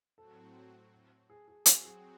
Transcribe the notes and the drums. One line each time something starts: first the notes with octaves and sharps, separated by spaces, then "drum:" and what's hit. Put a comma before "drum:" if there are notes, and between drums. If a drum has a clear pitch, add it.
A2 F#3 C4 F#4 A4
G#4
G#4
F#3 C4 F#4 G#4, drum: hi-hat
G#4